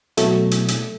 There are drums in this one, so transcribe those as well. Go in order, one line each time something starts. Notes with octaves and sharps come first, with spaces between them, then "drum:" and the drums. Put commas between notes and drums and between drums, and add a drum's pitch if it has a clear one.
B2 F#3 A3, drum: hi-hat
drum: hi-hat
drum: hi-hat